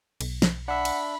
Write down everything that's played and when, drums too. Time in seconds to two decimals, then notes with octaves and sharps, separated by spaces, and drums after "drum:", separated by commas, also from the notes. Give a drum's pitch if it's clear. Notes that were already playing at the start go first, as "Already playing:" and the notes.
0.21 B1, drum: cymbal
0.42 drum: snare
0.68 D4 E5 F#5 B5
0.85 drum: cymbal